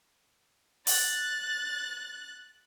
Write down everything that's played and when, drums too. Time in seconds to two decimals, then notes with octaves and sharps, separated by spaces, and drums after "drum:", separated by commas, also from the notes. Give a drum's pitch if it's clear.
0.87 F#6 A6, drum: open hi-hat